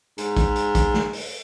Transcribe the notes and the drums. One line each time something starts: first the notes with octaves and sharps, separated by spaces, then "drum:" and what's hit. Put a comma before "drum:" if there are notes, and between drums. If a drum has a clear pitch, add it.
G#2, drum: hi-hat
drum: kick, hi-hat
drum: hi-hat
drum: kick, hi-hat
drum: snare
drum: open hi-hat